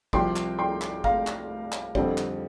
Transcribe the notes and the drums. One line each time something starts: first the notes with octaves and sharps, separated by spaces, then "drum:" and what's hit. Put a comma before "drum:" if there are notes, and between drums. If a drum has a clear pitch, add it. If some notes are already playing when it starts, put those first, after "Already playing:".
C2 C3 F3 G5 C6, drum: kick
drum: clap
G5 C6
drum: clap
F5 A#5, drum: kick
drum: clap
drum: clap
F2 D3 G3 C4, drum: kick
drum: clap